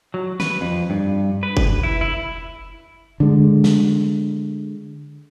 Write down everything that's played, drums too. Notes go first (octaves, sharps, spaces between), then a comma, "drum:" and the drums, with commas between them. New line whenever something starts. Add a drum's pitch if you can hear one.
F#3
B4, drum: snare
F2
G2
B4
drum: kick
E4
E4
D3 G#3
drum: snare